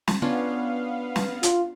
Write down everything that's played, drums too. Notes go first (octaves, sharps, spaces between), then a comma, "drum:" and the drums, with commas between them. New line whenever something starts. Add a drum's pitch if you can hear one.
drum: snare
B3 C#4 D4 F4 F5
drum: snare
F4, drum: hi-hat